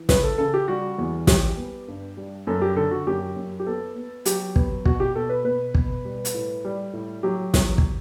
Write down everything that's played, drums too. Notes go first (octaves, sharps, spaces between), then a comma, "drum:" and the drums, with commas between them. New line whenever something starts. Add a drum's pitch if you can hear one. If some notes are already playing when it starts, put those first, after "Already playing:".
Already playing: E3
C#3 B4, drum: snare
A4
C#3 A4
G4
G3 F#4
E2
G3 G4, drum: snare
B3
G2
G3
F#2 A4
G4
D3 A4
F#4
F#2 G4
F#2
G4
B3 A4
B3
F#3 G4, drum: hi-hat
B3, drum: kick
B2 F#4, drum: kick
G4
B2 A4
B4
B2 B4
B2, drum: kick
G3
drum: hi-hat
A2
G3
A2
F#3 G4
E2, drum: snare
drum: kick